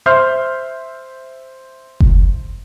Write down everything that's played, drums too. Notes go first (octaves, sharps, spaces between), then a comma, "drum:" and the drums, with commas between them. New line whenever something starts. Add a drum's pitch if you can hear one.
C5 E5 C6 F6 G6
drum: kick F#1